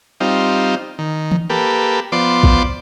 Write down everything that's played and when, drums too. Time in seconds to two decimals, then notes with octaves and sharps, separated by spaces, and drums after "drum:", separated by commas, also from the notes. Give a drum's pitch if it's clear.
0.20 G3 C4 D#4 F4
0.99 D#3
1.31 drum: tom E3
1.50 A#3 G4 A4 B4
2.12 F3 B3 C5 D5 C6 D6
2.43 drum: kick